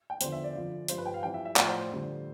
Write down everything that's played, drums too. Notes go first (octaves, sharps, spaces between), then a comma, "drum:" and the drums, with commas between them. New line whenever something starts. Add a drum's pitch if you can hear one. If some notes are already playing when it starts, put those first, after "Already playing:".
G5
E2 D3 F3 C5, drum: hi-hat
E5
D5
F2 D3 F3
G2 F3 C5, drum: hi-hat
B4
G5
F5
F2 E3 G3 G5
E5
E5
A2 F3 D5, drum: clap
C5
C5
F2 D3 G3